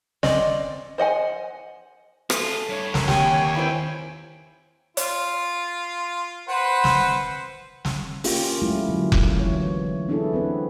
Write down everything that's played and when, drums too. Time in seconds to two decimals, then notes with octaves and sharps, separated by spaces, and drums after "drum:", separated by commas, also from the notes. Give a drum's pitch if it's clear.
0.23 C4 C#4 D5 D#5, drum: snare
0.98 C5 D#5 F#5 G#5
2.30 A3 F4 G#4, drum: rim click
2.69 G2 C#5
2.94 F#4 A#4, drum: snare
3.08 D#2 G4 F#5 G#5, drum: snare
3.54 C4 E4 B4
4.97 F4, drum: hi-hat
6.49 B4 C5 F#5
6.84 drum: snare
7.85 drum: snare
8.24 A#3 C#4 F4 G4, drum: open hi-hat
8.62 F#3 G#3 A3 C#4 E4
8.89 D3 F#3 A#3
9.12 drum: kick F1
9.39 E3 C#5
10.08 B3 D4 E4 G#4 A4
10.33 B3 C4 B4